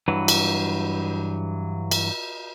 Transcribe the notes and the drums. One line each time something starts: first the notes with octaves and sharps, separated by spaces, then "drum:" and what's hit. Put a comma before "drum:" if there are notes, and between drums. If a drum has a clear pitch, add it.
G2 E3 F#3 B4
drum: cymbal
drum: cymbal